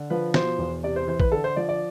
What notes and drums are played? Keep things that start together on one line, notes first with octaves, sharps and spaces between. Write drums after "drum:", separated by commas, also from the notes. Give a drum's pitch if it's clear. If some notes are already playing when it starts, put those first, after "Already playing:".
Already playing: D3
F3 B4
B2 C5, drum: snare
E2
C3 D5
C5
E3 C5
B4, drum: kick
D3 A4
C5
F3 D5
D5